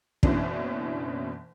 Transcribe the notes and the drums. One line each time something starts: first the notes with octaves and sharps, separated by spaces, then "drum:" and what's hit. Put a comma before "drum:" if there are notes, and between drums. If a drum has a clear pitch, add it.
F#1 B2 E3 C#4 D4, drum: kick